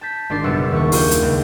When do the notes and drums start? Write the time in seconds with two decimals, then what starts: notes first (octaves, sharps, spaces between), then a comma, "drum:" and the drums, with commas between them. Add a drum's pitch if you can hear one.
0.01 A5 G6 B6
0.30 G#1 D4 D5 C6 A6
0.44 F#1 B2 G3 F#5 E6
0.71 D#1 D#2 A#3 C#6
0.92 F4 G4, drum: open hi-hat
1.11 drum: hi-hat
1.22 C#2